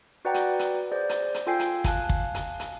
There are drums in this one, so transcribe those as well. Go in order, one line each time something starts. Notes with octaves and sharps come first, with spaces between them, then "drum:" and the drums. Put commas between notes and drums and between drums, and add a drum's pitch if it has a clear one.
F#4 B4 D5 F#5 G5 A#5
drum: hi-hat
drum: hi-hat
G#4 C5 D5
drum: hi-hat
drum: hi-hat
F4 A4 G5 G#5 G6 C7
drum: hi-hat
F5 G#5 A5 F#6, drum: kick, hi-hat
drum: kick
drum: hi-hat
drum: hi-hat